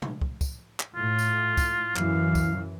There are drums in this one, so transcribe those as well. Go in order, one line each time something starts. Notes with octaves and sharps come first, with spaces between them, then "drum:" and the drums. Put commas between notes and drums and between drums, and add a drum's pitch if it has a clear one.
drum: tom
drum: kick
drum: kick, tambourine
drum: clap
A2 F4
drum: tambourine
drum: kick, tambourine
F#2 E3 F5, drum: clap
drum: kick, tambourine